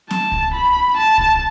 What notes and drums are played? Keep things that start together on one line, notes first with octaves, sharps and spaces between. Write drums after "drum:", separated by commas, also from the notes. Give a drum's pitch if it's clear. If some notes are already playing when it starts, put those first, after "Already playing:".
A5, drum: snare C4
drum: kick C2
B5
A5
drum: kick C2